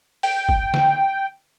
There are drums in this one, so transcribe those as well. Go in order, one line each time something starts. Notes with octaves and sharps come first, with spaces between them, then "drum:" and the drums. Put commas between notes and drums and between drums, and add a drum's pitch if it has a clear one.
G5, drum: open hi-hat
drum: kick
drum: snare